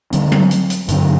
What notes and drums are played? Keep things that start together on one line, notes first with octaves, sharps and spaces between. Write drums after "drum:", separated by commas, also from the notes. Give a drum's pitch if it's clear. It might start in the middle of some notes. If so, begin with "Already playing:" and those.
D3 G3 C4, drum: hi-hat
drum: tom F#3
drum: hi-hat
drum: hi-hat
G2 D3 F#3 C4, drum: hi-hat